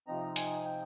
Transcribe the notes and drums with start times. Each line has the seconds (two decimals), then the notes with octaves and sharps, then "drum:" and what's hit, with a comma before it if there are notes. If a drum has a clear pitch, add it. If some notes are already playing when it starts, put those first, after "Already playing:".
0.07 C3 F3 C4 D#4 A#5
0.36 G#5, drum: hi-hat
0.65 G5